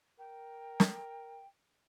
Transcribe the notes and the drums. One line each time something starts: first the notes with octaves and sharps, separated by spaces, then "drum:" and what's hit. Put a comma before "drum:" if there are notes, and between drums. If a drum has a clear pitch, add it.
A#4 G5
drum: snare